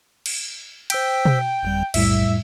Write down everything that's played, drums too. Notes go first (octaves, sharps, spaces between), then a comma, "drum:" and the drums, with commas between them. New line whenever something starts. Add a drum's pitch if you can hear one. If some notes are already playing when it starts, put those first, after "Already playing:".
drum: cymbal
C5 G5 E6 B6, drum: cymbal
drum: tom B2
G1 F2 G3
B1 F2 A2 G3 E5, drum: cymbal